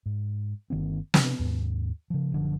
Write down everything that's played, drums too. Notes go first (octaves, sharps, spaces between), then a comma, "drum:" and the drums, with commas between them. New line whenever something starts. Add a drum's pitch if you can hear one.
G#2
G1 D#3 A#3 C4
C3 C4 D4, drum: snare
D#2 G#2
C#3 F3
F#1 D3 F3